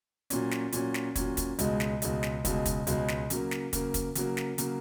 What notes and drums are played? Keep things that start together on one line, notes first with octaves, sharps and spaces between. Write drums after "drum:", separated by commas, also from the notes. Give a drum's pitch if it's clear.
A#2 F#3 C#4, drum: hi-hat
drum: snare
A#2 F#3 C#4, drum: hi-hat
drum: snare
A#2 F#3 C#4, drum: kick, hi-hat
drum: kick, hi-hat
C#2 B2 G#3, drum: hi-hat
drum: snare
C#2 B2 G#3, drum: hi-hat
drum: snare
C#2 B2 G#3, drum: kick, hi-hat
drum: kick, hi-hat
C#2 B2 G#3, drum: hi-hat
drum: snare
C#3 F#3 A#3, drum: hi-hat
drum: snare
C#3 F#3 A#3, drum: kick, hi-hat
drum: kick, hi-hat
C#3 F#3 A#3, drum: hi-hat
drum: snare
C#3 F#3 A#3, drum: hi-hat